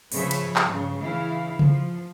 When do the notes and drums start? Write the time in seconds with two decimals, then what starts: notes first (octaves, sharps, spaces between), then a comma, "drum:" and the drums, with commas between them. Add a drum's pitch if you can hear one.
0.12 C#3 F3 B4 C#5 E5, drum: open hi-hat
0.31 drum: cymbal
0.56 drum: clap
0.65 G2 C#3
1.00 C#3 E3 E4 F5
1.59 F3, drum: tom C#3